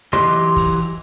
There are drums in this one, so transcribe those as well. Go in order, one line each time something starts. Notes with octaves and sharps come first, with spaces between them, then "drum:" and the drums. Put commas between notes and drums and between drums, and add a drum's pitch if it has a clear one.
E3 F#3 G4 D#5 C6, drum: rim click
drum: kick, open hi-hat